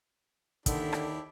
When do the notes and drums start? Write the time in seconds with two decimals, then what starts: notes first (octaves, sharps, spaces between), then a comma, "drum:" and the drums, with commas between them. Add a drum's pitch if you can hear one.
0.66 D#2 D3 D#3 D4 E4 G4, drum: kick, hi-hat
0.93 drum: rim click